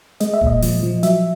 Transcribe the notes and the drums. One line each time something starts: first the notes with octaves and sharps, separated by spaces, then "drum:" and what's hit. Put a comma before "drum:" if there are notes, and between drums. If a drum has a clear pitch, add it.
G#3 D#5, drum: hi-hat
E5
A#2, drum: kick E1
D#5
F3, drum: open hi-hat
F3
F#3 E5, drum: hi-hat